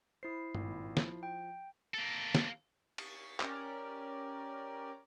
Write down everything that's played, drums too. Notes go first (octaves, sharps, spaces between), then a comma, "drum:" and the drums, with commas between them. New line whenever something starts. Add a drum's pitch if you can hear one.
E4 C5 D#6 C7
G#1 A#2, drum: tom G2
F3, drum: snare
G5
A#3 A4
drum: snare
C#6 A6 B6 C7, drum: cymbal
C#4 G4 A#4 D5, drum: clap